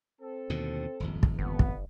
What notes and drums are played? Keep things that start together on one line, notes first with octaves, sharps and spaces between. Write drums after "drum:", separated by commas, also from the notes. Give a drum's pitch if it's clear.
C4 A4
D#2 B2 D3
D#1 G#1 F2
drum: kick
G1 B3
drum: kick